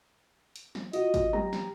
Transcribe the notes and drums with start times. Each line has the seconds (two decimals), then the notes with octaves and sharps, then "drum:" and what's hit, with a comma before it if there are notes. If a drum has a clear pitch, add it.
0.56 drum: hi-hat
0.75 drum: snare
0.93 F4 F#4 D#5, drum: hi-hat
1.14 drum: kick G#1, hi-hat
1.33 G4 A#5, drum: tom
1.53 drum: snare